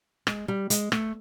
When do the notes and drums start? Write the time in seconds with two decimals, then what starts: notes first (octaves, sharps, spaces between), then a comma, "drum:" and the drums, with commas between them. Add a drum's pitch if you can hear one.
0.27 G#3, drum: rim click
0.48 G3
0.70 G#3, drum: hi-hat
0.92 A3, drum: rim click